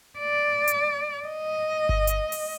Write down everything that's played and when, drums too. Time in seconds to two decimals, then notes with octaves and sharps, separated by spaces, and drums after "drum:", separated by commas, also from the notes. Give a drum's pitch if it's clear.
0.19 D5
0.68 drum: hi-hat
1.28 D#5
1.89 drum: kick G1
2.07 drum: hi-hat
2.32 drum: open hi-hat